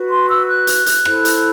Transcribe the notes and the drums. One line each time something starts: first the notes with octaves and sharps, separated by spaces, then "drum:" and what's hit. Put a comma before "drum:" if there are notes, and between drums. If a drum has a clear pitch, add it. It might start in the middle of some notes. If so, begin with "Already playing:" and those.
Already playing: F#4 B4
C6
E6
F#6
drum: hi-hat
drum: hi-hat
E4 A4 C5, drum: rim click
drum: hi-hat